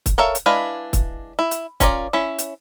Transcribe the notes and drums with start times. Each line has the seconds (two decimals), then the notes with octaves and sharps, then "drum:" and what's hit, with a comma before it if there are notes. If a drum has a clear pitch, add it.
0.06 drum: kick, hi-hat
0.18 A4 A#4 C#5 E5 F5
0.35 drum: hi-hat
0.46 G#3 D4 E4 B4 F5
0.93 drum: kick, hi-hat
1.39 E4
1.51 drum: hi-hat
1.80 C#4 F4 A#4 C#5 D5, drum: kick, hi-hat
2.13 C#4 E4
2.38 drum: hi-hat